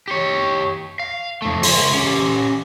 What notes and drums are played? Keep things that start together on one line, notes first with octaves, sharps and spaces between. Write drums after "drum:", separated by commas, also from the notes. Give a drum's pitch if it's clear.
G4 C#5
F5
F2 A3
C#2 C6, drum: open hi-hat
C#4 G4